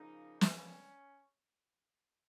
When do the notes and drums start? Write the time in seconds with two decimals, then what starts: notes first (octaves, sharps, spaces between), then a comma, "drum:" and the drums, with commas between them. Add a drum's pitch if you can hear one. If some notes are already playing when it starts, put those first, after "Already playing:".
Already playing: C#3 F3 A#3 D#4
0.41 C#4, drum: snare